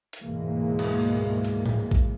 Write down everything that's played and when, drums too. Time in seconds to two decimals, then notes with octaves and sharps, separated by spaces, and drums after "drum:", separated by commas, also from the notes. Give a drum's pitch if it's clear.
0.13 drum: hi-hat
0.23 D2 G#2 B2 E3 G#3 A#3
0.79 drum: cymbal
1.45 drum: hi-hat
1.66 drum: tom A2
1.91 drum: kick A1